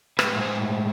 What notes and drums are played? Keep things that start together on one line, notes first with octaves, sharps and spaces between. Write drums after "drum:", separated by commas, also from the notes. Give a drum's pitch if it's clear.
A2 G#3 B4, drum: rim click
C5